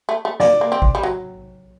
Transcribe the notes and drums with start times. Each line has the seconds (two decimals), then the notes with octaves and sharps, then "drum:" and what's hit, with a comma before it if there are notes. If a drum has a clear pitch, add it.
0.09 A3
0.25 A3
0.40 A#3 D5, drum: snare
0.61 A#3
0.72 C4
0.82 drum: kick
0.95 G3
1.03 F#3